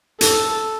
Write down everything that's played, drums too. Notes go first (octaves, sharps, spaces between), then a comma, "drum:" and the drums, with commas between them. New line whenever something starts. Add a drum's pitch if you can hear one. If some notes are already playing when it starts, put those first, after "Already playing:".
A4, drum: hi-hat